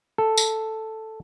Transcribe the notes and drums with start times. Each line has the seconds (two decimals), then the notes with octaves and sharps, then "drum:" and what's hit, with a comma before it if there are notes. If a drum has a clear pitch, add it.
0.18 A4
0.37 drum: tambourine